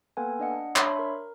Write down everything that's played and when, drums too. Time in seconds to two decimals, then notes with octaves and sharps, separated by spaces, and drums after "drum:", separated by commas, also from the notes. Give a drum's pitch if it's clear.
0.17 A#3 B3 A4 B4 G5 G#5
0.40 D4 D#5 F#5
0.76 D4 C#5 E5 B5 C6, drum: clap
0.99 A#4